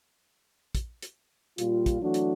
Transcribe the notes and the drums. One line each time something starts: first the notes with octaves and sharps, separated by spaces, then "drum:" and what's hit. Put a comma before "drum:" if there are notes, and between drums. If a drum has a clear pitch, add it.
drum: kick, hi-hat
drum: hi-hat
A#2 G3 F4, drum: hi-hat
drum: kick, hi-hat
E3 F#3 A3 D4 F#4
drum: hi-hat